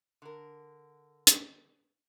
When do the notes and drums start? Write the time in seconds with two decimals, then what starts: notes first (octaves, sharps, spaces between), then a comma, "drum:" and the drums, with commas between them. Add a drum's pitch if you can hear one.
0.22 D3 A#4
1.27 drum: hi-hat